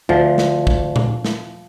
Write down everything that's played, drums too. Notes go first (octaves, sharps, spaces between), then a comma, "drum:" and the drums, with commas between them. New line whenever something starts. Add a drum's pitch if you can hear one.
D2 F3
drum: snare
drum: kick
drum: tom A#2
drum: snare